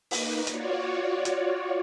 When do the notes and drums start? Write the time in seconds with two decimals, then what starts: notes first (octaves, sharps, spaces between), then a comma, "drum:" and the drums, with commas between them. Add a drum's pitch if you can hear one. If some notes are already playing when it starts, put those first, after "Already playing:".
0.11 A#3 D#4 B4, drum: open hi-hat
0.47 F4 F#4 C#5 D5, drum: hi-hat
1.25 drum: hi-hat